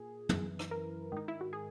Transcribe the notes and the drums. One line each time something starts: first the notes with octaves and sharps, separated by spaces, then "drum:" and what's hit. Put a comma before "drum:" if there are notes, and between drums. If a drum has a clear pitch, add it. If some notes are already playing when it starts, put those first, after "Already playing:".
Already playing: A#2 G#4
F#2 E3, drum: tom
drum: rim click
A#4
G#2 D#3 D#4
E4
F#4
G#4